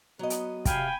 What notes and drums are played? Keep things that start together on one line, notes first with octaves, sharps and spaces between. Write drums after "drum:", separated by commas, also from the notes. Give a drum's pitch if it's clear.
F#3 B3 D#5
drum: hi-hat
C3 F5 G5 G#5 B5, drum: kick, hi-hat